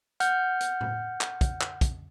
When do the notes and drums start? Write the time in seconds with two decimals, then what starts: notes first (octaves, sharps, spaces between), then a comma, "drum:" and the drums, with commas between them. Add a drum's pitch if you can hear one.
0.20 F#5 F6 G6, drum: hi-hat
0.61 drum: hi-hat
0.81 drum: tom A2
1.21 drum: clap
1.41 drum: kick, hi-hat
1.61 drum: clap
1.81 drum: kick, hi-hat